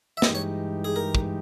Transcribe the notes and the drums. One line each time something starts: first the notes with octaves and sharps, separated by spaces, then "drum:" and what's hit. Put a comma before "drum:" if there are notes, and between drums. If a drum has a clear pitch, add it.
E5
G2 E3 G#3 D#4 G4 D#5, drum: snare
C#5
G#4
A#4
drum: kick